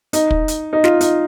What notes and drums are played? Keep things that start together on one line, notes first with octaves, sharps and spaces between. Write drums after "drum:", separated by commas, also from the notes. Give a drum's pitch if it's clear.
D#4, drum: hi-hat
drum: kick
drum: hi-hat
D#4
F4, drum: snare
D#4, drum: hi-hat